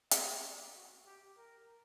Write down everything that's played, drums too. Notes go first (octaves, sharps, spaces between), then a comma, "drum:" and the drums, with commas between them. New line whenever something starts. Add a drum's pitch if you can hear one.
E5, drum: hi-hat
D5
F#4
G4
A#4